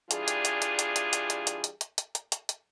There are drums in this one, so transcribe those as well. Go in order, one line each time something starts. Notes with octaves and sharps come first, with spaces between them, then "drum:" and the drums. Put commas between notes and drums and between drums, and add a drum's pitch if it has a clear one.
E3 G3 D4 F4 G#4, drum: hi-hat
drum: hi-hat
drum: hi-hat
drum: hi-hat
drum: hi-hat
drum: hi-hat
drum: hi-hat
drum: hi-hat
drum: hi-hat
drum: hi-hat
drum: hi-hat
drum: hi-hat
drum: hi-hat
drum: hi-hat
drum: hi-hat